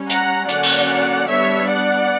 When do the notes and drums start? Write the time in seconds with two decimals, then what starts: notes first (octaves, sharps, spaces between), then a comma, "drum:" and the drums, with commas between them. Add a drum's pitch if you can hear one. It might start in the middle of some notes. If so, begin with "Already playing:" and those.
Already playing: G3 C#4
0.10 F#5 A#5, drum: hi-hat
0.49 D3 F#3 A#3 C#4 D5 F#5, drum: hi-hat
0.63 drum: cymbal
1.29 G3 B3 D4 C#5 E5
1.69 D5 F#5